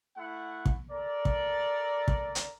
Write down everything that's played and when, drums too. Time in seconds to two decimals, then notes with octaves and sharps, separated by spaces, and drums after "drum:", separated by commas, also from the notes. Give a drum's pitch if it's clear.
0.17 A3 E4 F#5
0.66 drum: kick
0.91 A4 A#4 D5
1.25 drum: kick
2.08 drum: kick
2.35 drum: hi-hat